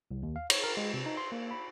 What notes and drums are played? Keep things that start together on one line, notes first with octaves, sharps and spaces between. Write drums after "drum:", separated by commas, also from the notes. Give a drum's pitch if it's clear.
C2
D#2
F5
C#5, drum: cymbal
A#4
G#3
C3
D#4
C6
A#3
B5